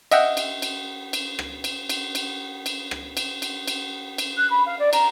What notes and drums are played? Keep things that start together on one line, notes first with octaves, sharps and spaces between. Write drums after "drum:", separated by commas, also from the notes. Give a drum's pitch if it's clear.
D#5 E5 F#5 G5, drum: cymbal
drum: cymbal
drum: cymbal
drum: cymbal
drum: rim click
drum: cymbal
drum: cymbal
drum: cymbal
drum: cymbal
drum: rim click
drum: cymbal
drum: cymbal
drum: cymbal
drum: cymbal
F#6
B5
F5
D5
A#5, drum: cymbal